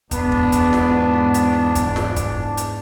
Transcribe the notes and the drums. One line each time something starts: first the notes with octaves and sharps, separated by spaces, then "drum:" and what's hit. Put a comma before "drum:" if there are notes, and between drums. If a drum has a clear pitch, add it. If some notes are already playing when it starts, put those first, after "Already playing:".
E2 G#2 B3 D4, drum: kick, hi-hat
drum: kick
drum: kick, hi-hat
drum: snare
drum: hi-hat
drum: kick, hi-hat
drum: snare
drum: kick, hi-hat
drum: hi-hat